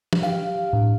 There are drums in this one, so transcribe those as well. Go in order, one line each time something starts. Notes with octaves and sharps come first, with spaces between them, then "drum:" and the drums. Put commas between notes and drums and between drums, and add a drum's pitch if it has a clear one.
drum: tom
G4 F5
A2 D4